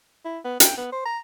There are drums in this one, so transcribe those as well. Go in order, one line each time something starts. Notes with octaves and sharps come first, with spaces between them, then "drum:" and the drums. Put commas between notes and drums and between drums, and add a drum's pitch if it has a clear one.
E4
B3
G5, drum: hi-hat
B3
C5
A#5